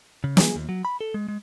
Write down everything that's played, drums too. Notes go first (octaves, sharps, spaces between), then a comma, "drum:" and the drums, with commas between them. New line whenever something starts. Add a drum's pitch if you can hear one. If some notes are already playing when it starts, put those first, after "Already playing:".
C#3
G#4, drum: snare
D#2
F#3
B5
A4
G#3
G#3